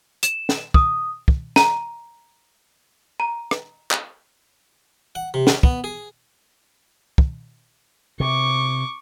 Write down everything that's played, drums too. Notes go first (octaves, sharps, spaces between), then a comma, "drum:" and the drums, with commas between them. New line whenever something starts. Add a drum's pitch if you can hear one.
E7, drum: hi-hat
drum: snare
D#6, drum: kick
drum: kick
A#5, drum: snare
A#5
drum: rim click
drum: clap
F#5
C3
C#4, drum: snare
B3, drum: kick
G#4
drum: kick
C3 C#6 D6